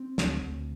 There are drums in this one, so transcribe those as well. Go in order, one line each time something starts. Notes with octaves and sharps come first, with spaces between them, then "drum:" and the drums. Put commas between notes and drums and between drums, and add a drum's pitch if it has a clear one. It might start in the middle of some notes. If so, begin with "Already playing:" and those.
Already playing: C4
D2, drum: snare
D2